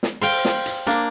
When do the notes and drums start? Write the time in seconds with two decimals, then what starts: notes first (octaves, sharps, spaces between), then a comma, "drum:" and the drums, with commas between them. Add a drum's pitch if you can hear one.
0.03 drum: snare
0.22 C5 F5 G5, drum: open hi-hat
0.45 drum: snare
0.66 drum: hi-hat
0.87 A#3 D4, drum: hi-hat